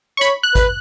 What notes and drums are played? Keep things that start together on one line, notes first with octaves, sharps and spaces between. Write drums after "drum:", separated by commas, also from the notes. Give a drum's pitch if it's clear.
C#6
C#5 B5, drum: hi-hat
F#6
B4, drum: kick G#1, hi-hat